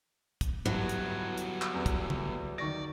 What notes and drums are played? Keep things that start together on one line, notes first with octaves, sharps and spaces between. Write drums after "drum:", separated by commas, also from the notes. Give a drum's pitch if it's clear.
drum: kick, hi-hat
G2 E3 F#3 G3 B3, drum: tom G#2
drum: hi-hat
drum: hi-hat
drum: clap
E2
drum: kick, hi-hat
drum: tom C#3
D#3 D5 C#6 A#6